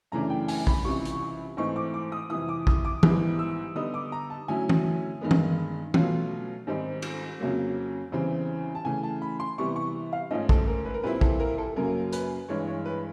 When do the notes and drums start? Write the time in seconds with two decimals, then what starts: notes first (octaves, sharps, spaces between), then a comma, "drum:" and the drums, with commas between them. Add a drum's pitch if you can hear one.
0.12 F#2 C#3 E3 A3 D4 A#5
0.30 G5
0.48 G#5, drum: open hi-hat
0.67 B5, drum: kick
0.85 C#2 C3 E3 G3 C#6
1.05 drum: hi-hat
1.57 G#2 E3 A3 C4 D#4 C#6
1.76 D6
1.94 D6
2.12 D#6
2.30 F2 C3 E3 D#6
2.49 D6
2.67 D#6, drum: kick
2.85 D6
3.03 G#2 E3 G3 B3 E4 D#6, drum: tom E3
3.39 E6
3.75 D3 G3 B3 D#4 D#6
3.94 D6
4.12 A#5
4.30 A5
4.48 D3 F#3 A3 C#4 E4 G#5
4.69 drum: tom
5.21 G2 D#3 G#3 B3
5.31 drum: tom
5.94 B2 F#3 A3 C#4 F4, drum: tom
6.67 G#2 D#3 G3 C4 D#4
7.02 drum: cymbal
7.40 F2 C#3 F#3 A#3
8.12 E2 C#3 E3 G3 C4
8.75 A5
8.85 C#3 E3 A3 G#5
9.03 A5
9.22 B5
9.40 C6
9.58 C3 E3 G3 B3 C#6
9.76 C#6
10.13 F5
10.31 G#2 F3 A3 C#4 D#5
10.49 A4, drum: kick
10.67 A#4
10.85 B4
10.94 A#4
11.03 A#2 G3 C4 E4 B4
11.21 A4, drum: kick
11.40 A#4
11.58 A4
11.76 F#2 C#3 F#3 A#3 A#4
12.13 B4, drum: hi-hat
12.48 G2 E3 G#3 C#5
12.67 C#5
12.85 B4